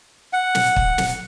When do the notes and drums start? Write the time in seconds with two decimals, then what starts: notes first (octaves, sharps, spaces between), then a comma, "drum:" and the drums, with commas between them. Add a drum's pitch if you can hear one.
0.33 F#5
0.55 drum: snare
0.76 drum: kick
0.98 drum: snare